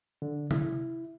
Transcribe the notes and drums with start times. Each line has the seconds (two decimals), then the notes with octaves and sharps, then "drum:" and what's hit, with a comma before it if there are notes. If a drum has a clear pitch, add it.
0.22 D3
0.51 E4, drum: tom C3